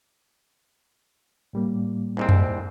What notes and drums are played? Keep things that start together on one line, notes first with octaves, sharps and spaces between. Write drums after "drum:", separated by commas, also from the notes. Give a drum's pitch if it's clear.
A2 G3 A#3
C2 G#2 C4
drum: tom F2